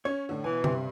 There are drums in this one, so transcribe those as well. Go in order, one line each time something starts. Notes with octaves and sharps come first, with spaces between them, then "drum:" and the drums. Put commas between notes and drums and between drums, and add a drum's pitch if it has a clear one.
C#4 C#5
A2 D3
B2 E3 G#5
G2 C3, drum: tom